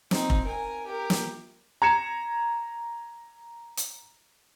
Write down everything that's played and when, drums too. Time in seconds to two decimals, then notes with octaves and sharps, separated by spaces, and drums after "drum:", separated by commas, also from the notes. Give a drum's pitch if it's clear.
0.11 C4 D#4, drum: snare
0.30 drum: kick F1
0.46 A#4 G#5
0.87 G4 A#4
1.10 drum: snare
1.82 A#5 G#6 C#7 E7
3.77 drum: hi-hat